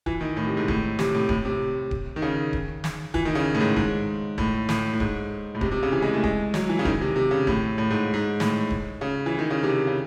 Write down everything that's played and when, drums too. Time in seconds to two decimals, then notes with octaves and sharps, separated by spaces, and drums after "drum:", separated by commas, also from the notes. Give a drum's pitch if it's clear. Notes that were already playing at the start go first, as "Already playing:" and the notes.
0.06 E3, drum: kick D1
0.21 D#3
0.37 A2
0.47 C3
0.57 G#2
0.68 A2, drum: kick D1
0.99 C3, drum: snare
1.14 A2
1.29 A2, drum: kick D1
1.45 C3
1.91 drum: kick D1
2.16 D#3
2.22 C#3
2.53 drum: kick D1
2.84 drum: snare
3.14 E3, drum: kick D1
3.25 D#3
3.35 C#3
3.55 A2
3.60 G#2
3.76 G#2, drum: kick D1
4.38 A2, drum: kick D1
4.69 A2, drum: snare
4.93 A2
5.00 G#2, drum: kick D1
5.55 A2
5.61 C3, drum: kick D1
5.71 C3
5.83 C#3
5.92 E3
6.02 G#3
6.13 A3
6.23 G#3, drum: kick D1
6.54 F#3, drum: snare
6.69 E3
6.79 C#3
6.85 D#3, drum: kick D1
7.01 C3
7.16 C3
7.31 C#3
7.47 A2, drum: kick D1
7.78 A2
7.90 G#2
8.14 G#2
8.40 A2, drum: snare
8.70 drum: kick D1
9.01 C#3
9.26 E3
9.39 D#3
9.51 C#3
9.63 C3
9.87 C#3